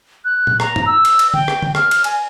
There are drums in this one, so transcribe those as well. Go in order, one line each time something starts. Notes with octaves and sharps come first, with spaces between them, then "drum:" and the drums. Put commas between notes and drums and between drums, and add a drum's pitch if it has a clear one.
F#6
drum: tom A#2
A#5, drum: rim click
drum: tom G2
E6
drum: cymbal
drum: cymbal
G5, drum: tom D3
drum: rim click
drum: tom D3
F6, drum: rim click
drum: cymbal
G#5, drum: cymbal